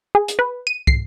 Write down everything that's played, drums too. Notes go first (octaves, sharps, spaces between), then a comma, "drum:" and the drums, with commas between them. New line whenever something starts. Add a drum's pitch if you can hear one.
G#4
drum: hi-hat
B4
D#7
C7, drum: kick